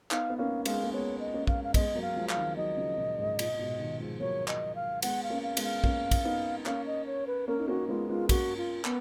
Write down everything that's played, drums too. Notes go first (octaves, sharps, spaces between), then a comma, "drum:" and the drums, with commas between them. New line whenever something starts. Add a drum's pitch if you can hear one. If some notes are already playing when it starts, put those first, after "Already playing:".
B3 D#4 F5, drum: clap
B3
A#3 C#4 F5
G#3 B3 F5, drum: cymbal
A#3
G#3 B3 C#5
D#5
A#3 C#4
F5, drum: kick
F5
G#3 B3 D#5, drum: kick, cymbal
F#3 A#3
F5
F3 G#3
F5, drum: clap
D#3 F#3
D#3 F#3 D#5
C#3 F3
A#2 C#3
G#2
A#2, drum: cymbal
A#2
G#2 B2
B2 D#3
F3 G#3
F#3 A#3 C#5
D#5, drum: clap
F5
G#3 B3 F#5, drum: cymbal
F5
A#3 C#4
F5
G#3 B3, drum: cymbal
F5
A#3 C#4, drum: kick
drum: kick, cymbal
B3 D#4
A#3 C#4 F5, drum: clap
D#5
C#5
B4
A#3 C#4 A#4
D#4
A#3 C#4 F#4
G#3 B3 F4
G#3 B3 F4
A#3 C#4 F#4, drum: kick, cymbal
F4
B3, drum: clap